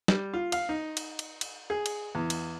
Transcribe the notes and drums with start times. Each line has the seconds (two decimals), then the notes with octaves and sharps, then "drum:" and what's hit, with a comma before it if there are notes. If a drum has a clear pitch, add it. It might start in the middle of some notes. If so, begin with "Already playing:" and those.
0.08 G3, drum: snare
0.33 F4
0.52 F5, drum: cymbal
0.69 D#4
0.97 drum: cymbal
1.19 drum: cymbal
1.41 drum: cymbal
1.70 G#4
1.86 drum: cymbal
2.15 E2
2.30 drum: cymbal